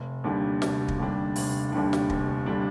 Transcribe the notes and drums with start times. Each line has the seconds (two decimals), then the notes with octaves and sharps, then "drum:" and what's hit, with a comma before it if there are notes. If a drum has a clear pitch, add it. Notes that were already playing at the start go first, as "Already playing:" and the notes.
Already playing: F1
0.24 D#2 D3 G3 D4
0.62 F1, drum: snare
0.88 drum: kick
0.98 D#2 D3 G3 D4
1.36 F1, drum: open hi-hat
1.72 D#2 D3 G3 D4
1.93 drum: snare
2.10 F1, drum: kick
2.46 D3 G3 D4